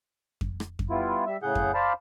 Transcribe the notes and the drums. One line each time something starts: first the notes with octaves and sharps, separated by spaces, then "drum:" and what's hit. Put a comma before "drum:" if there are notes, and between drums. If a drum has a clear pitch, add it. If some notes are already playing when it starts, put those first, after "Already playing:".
drum: kick F2
drum: rim click
drum: kick F2
G3 B3 E4 F4
G3 E5
A2 C#3 G#4 F#5 G6
drum: kick F2
C5 D5 F5 A5 B5